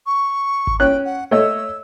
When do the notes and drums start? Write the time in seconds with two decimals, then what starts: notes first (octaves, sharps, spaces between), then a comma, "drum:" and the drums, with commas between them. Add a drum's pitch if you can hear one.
0.06 C#6
0.67 drum: kick G#1
0.80 C#4 G5 F#6
1.05 F#5
1.31 A3 C#5 D#5 E6